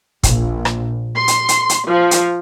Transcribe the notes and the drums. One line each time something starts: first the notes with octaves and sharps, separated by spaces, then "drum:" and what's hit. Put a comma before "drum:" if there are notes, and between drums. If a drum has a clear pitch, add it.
A#1, drum: kick, hi-hat
drum: rim click
C6
drum: hi-hat
drum: hi-hat
drum: hi-hat
F3
drum: hi-hat